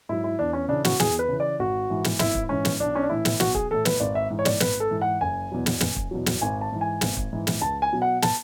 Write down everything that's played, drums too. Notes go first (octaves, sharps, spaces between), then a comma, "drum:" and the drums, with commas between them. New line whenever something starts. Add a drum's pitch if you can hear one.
G#2 F#3 E4
E4
E2 D4
C#4
C#3 E3 D4
F#4, drum: snare
E2 G#4, drum: snare
B4
C#3 E3
D5
G#1 F#4
G#2 E3
drum: snare
G#1 E4, drum: snare
drum: kick
G#2 E3 C#4
drum: snare
B1 D4
C#4
D4
A2 E3 E4
drum: snare
B1 F#4, drum: snare
G#4, drum: kick
A2 E3 A4
B4, drum: snare
G#1 D5
E5
G#2 E3
C#5
D5, drum: snare
G#1 B4, drum: snare
A4
G#2 E3
F#5
F#1 G#5
E2 B2 F#3
drum: snare
F#1, drum: snare
drum: kick
E2 B2 F#3
drum: snare
G#1 G#5
A5
G#2 E3
G#5
G#1, drum: snare
drum: kick
G#2 E3
drum: snare
C#2 A5
G#5
B2 F#3
F#5
A5, drum: snare